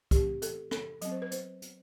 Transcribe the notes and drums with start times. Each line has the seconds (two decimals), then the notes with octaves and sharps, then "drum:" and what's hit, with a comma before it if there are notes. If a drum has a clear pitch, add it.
0.11 E3 A3 C4 G4, drum: kick C2, hi-hat
0.42 A4, drum: hi-hat
0.71 A4, drum: rim click
1.01 F#3 C4 D#5, drum: hi-hat
1.12 C5
1.22 B4
1.31 C5, drum: hi-hat
1.62 drum: hi-hat